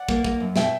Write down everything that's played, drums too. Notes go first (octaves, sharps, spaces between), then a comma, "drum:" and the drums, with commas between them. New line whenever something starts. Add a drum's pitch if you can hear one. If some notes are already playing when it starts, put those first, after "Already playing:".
Already playing: D5 F#5
A#3, drum: kick
A#3, drum: kick
F#2
B2 E5 G5, drum: snare